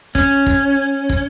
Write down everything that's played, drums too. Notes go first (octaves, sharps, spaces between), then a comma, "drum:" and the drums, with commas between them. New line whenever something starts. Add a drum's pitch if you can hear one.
C#4, drum: kick
drum: kick
drum: kick